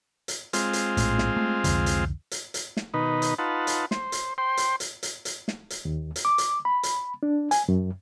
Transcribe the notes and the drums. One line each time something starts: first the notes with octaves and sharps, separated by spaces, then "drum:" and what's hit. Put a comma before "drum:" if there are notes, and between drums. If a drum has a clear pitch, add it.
drum: hi-hat
G#3 C4 F4, drum: hi-hat
drum: hi-hat
A#1 A2, drum: hi-hat
drum: snare
A3
C2 F2 D3, drum: hi-hat
drum: hi-hat
drum: hi-hat
drum: hi-hat
drum: snare
B2 D#3 D#4 B4
drum: hi-hat
D#4 F4 B4 F#5 A5
drum: hi-hat
C5, drum: snare
drum: hi-hat
C5 G5 C6
drum: hi-hat
drum: hi-hat
drum: hi-hat
drum: hi-hat
drum: snare
drum: hi-hat
D#2
drum: hi-hat
D6
drum: hi-hat
B5
drum: hi-hat
D4
G#5, drum: hi-hat
F#2